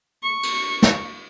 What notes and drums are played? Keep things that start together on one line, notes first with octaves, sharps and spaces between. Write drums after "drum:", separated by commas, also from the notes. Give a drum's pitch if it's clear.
C#6
drum: cymbal
drum: snare